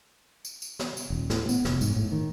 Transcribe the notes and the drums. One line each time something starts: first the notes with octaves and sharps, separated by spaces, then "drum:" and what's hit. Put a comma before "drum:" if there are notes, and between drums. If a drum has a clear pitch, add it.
drum: tambourine
drum: tambourine
drum: snare
drum: tambourine
D#1
A2, drum: snare
B3, drum: tambourine
F1, drum: snare
G#2, drum: tambourine
A2
D#3